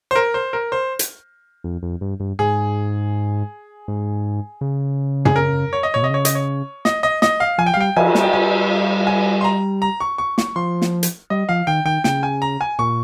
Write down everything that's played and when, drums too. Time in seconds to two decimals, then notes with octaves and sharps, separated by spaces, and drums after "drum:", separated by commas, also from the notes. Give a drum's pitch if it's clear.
0.11 C5
0.16 A#4
0.34 C5
0.53 A#4
0.72 C5
0.99 drum: hi-hat
1.64 F2
1.83 F2
2.01 G2
2.20 G2
2.39 G#2 G#4
3.88 G#2
4.61 C#3
5.25 G#4, drum: tom
5.36 A#4
5.73 C#5
5.83 D#5
5.94 A#2 C#5
6.03 C3 D#5
6.10 C#3 C#5
6.25 D#5, drum: hi-hat
6.35 C#5
6.85 D#5, drum: snare
7.03 D#5
7.22 D#5, drum: snare
7.40 F5
7.58 F3 G#5
7.66 G5
7.74 F5
7.77 G3 G5
7.96 F3 G#5, drum: cymbal
8.15 G3, drum: snare
8.22 G5
8.33 G3 G#5
9.07 G#5
9.41 C6
9.44 A#5
9.82 A#5
10.00 C#6
10.18 C#6
10.38 C#6, drum: snare
10.56 F3 C6
10.82 drum: snare
11.03 drum: hi-hat
11.30 G3 D#5
11.49 F3 F5
11.67 D#3 G5
11.85 D#3 G5
12.04 C#3 G5, drum: snare
12.23 G#5
12.42 A#5
12.61 G#5
12.79 A#2 C#6